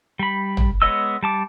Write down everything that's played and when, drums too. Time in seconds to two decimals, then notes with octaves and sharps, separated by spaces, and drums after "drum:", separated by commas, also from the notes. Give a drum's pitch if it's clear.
0.19 G3 B5
0.57 drum: tom
0.82 G#3 B3 C#5 D#5 E6
1.23 G3 A5 D6